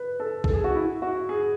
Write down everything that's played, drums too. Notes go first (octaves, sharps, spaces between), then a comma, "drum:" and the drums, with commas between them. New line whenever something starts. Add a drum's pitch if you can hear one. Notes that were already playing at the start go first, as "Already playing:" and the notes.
Already playing: B4
A4
A4, drum: kick B1
G#4
F#4
E4
F#4
G#4